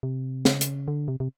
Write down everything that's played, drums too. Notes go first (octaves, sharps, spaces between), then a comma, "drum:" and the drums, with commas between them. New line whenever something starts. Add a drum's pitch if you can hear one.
C3
C#3, drum: snare
drum: hi-hat
D3
C3
C3